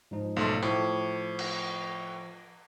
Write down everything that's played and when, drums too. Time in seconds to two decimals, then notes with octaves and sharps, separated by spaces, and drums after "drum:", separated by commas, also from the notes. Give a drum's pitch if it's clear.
0.11 G#2 F3 D#4
0.36 B1 A3 C6
0.62 A2 F3 D6, drum: tambourine
1.39 drum: cymbal